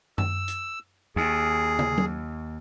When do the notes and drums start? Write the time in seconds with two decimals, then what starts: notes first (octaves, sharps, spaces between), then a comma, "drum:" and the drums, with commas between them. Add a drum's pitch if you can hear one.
0.18 E6, drum: tom F#2
0.48 drum: hi-hat
1.16 D#2 G#4
1.79 drum: tom
1.98 drum: tom F#3